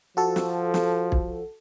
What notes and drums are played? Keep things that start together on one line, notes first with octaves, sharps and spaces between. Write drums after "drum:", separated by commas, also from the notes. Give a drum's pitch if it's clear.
F3 F#4 A4
drum: snare
drum: snare
drum: kick